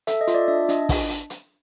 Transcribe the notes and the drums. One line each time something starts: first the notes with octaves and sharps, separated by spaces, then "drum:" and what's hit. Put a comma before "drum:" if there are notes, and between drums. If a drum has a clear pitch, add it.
A4 E5, drum: hi-hat
D#5
F4, drum: hi-hat
D5
D4 E5
D4 D#5, drum: hi-hat
drum: kick, open hi-hat
drum: hi-hat
drum: hi-hat